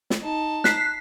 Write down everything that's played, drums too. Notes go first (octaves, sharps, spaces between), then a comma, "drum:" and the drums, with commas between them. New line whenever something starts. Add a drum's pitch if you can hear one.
drum: snare
D#4 A5
F#6 B6 C7, drum: snare